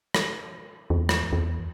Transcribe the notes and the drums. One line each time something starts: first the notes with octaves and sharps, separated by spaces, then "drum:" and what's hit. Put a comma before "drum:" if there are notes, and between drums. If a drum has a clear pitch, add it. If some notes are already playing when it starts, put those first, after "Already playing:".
drum: rim click
E2
drum: rim click
E2